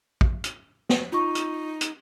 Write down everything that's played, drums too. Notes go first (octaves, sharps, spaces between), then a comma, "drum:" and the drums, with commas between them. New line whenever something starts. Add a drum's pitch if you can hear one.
drum: kick
drum: hi-hat
drum: snare
D#4 F4 C#6
drum: hi-hat
drum: hi-hat